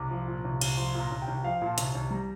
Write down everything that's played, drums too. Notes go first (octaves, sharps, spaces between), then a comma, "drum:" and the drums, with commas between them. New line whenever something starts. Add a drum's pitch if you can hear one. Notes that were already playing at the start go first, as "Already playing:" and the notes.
Already playing: C2 D6
F3
A#2
C2
C2, drum: cymbal
F3 C6
A#2 A#5
C2
G5
C2
F3 F5
A#2
A5
C2, drum: hi-hat
C2
G3 A#5